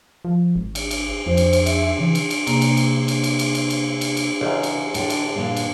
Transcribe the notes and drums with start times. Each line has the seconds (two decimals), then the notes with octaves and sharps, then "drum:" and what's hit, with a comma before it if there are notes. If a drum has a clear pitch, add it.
0.25 F3
0.56 G#1
0.75 drum: cymbal
0.91 drum: cymbal
1.26 F2 C5
1.37 drum: cymbal
1.53 drum: cymbal
1.66 E5, drum: cymbal
1.99 C#3 E3
2.15 drum: cymbal
2.30 drum: cymbal
2.47 C3 A#3, drum: cymbal
2.62 drum: cymbal
2.77 drum: cymbal
3.08 drum: cymbal
3.24 drum: cymbal
3.39 drum: cymbal
3.55 drum: cymbal
3.70 drum: cymbal
4.01 drum: cymbal
4.17 drum: cymbal
4.41 A1 F#2 C#3
4.63 drum: cymbal
4.94 A2 D3, drum: cymbal
5.10 drum: cymbal
5.37 G2 A#2 D3
5.56 drum: cymbal